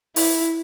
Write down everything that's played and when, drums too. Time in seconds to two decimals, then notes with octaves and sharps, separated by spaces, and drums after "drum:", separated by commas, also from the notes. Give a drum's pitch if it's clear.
0.16 E4, drum: open hi-hat